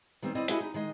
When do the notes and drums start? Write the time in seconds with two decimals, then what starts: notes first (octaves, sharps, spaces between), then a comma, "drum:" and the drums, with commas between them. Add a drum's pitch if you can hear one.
0.22 D#3 G3 B3 C4
0.35 C4 E4 D5 D#5
0.48 E4 F#4 G#4 D#5 E5, drum: hi-hat
0.60 D#4
0.74 D#3 G#3 D#5